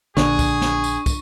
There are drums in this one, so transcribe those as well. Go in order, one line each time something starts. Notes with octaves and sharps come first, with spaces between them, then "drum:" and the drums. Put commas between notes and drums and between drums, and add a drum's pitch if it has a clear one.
A#1 D3 D4 G#4 C#6, drum: snare
drum: kick, tambourine
drum: snare
drum: tambourine
drum: kick, tambourine